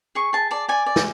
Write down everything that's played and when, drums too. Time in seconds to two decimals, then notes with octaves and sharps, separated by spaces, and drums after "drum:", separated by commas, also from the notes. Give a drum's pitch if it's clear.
0.15 G#4 C#6
0.33 G#4 A5
0.51 D5 A5
0.69 D5 G#5
0.86 D5
0.96 drum: snare